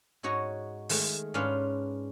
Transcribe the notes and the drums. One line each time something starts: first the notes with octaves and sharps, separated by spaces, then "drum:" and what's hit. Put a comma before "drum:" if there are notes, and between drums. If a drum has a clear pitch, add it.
G#2 D#4 F#4 C#5 D#5
D#3 G#3 A3, drum: open hi-hat
G#2 C#4 D4 F4 B4 F5